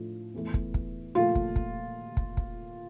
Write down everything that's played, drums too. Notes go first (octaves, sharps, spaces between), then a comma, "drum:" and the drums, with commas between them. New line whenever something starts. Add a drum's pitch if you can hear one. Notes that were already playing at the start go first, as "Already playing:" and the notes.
Already playing: A2 F3 A3 D4 F4
E2 E3 A3
drum: kick
drum: kick
A#2 F3 A3 F4
drum: kick
drum: kick
drum: kick
drum: kick